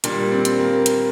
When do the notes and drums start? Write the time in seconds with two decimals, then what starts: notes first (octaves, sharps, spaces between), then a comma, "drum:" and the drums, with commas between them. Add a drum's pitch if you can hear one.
0.04 A#2 G3 D4, drum: hi-hat
0.32 C4
0.45 drum: hi-hat
0.59 A#3
0.86 drum: hi-hat